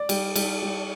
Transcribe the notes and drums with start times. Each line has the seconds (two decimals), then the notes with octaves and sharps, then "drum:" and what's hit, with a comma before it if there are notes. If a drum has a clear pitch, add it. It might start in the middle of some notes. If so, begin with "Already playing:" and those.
Already playing: D5
0.09 G3, drum: cymbal
0.36 G3, drum: cymbal
0.62 G3